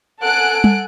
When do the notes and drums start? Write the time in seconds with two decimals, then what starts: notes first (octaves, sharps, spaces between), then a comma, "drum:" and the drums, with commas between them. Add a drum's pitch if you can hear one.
0.22 A4 F#5 G#5 F#6 D7
0.64 drum: tom G3